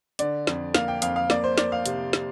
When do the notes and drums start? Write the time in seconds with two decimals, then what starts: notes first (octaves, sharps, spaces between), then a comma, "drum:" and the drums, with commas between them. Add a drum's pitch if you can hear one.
0.19 D3 D5, drum: hi-hat
0.47 F2, drum: snare
0.75 A#3 F5, drum: snare
0.88 G5
1.02 F2 F5, drum: hi-hat
1.16 F5
1.30 A#3 D5, drum: snare
1.44 C5
1.58 A#3 D5, drum: snare
1.72 F5
1.86 C3, drum: hi-hat
2.13 C3, drum: snare